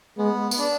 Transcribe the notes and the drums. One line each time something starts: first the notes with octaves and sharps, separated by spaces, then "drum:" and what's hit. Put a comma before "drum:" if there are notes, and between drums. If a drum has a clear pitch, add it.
G#3 B3
B3, drum: tambourine
D4